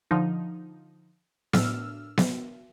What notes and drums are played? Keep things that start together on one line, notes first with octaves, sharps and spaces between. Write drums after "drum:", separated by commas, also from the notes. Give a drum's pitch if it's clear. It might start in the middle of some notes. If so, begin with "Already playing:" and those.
D3 F3 D#4
A2 D4 E6 F6, drum: snare B3
drum: snare B3